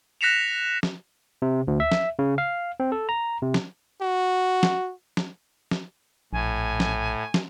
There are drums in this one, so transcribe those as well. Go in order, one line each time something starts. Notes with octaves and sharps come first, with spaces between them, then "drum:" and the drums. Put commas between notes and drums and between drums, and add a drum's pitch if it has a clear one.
F#6 A#6 B6 C#7 E7 F7
drum: snare
C3
D2
E5
drum: snare
C#3
F5
C4
A4
A#5
C3
drum: snare
F#4
drum: snare
drum: snare
drum: snare
A#1 A2 G#5
drum: snare
drum: snare